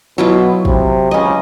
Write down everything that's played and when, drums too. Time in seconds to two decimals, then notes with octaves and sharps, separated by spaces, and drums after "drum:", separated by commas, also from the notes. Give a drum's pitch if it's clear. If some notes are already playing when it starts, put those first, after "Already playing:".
0.18 B2 F#3 E4 F4
0.65 C3, drum: kick
1.11 C#2 C#4 D#5